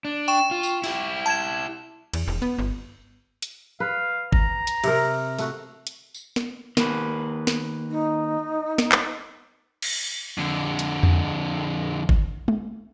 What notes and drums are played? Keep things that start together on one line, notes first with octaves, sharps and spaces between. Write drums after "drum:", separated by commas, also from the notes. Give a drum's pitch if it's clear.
D4
G5 C#6 E7
F4
drum: tambourine
E4 G4, drum: open hi-hat
A5 G#6 E7
E2, drum: cymbal
E1
B3
G1
drum: hi-hat
B4 F5
A#5, drum: kick
drum: hi-hat
C3 A#4, drum: cymbal
A3 F#4, drum: open hi-hat
drum: hi-hat
drum: tambourine
drum: snare
D#3 A#3 B4, drum: snare
drum: snare
D#4
drum: snare
drum: clap
drum: cymbal
F2 D3
drum: hi-hat
drum: tom E2
drum: kick
drum: tom